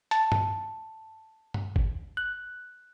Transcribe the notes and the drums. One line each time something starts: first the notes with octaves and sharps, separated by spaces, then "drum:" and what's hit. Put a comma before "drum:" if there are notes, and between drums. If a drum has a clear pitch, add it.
A5, drum: hi-hat
drum: tom G2
drum: tom G2
drum: kick
F#6